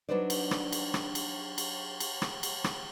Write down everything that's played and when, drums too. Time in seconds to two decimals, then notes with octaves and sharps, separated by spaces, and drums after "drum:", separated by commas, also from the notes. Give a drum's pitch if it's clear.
0.09 F#3 D4 D#4 B4 C5 D5
0.30 drum: cymbal
0.51 drum: rim click
0.72 drum: cymbal
0.94 drum: rim click
1.15 drum: cymbal
1.58 drum: cymbal
2.00 drum: cymbal
2.22 drum: rim click
2.43 drum: cymbal
2.64 drum: rim click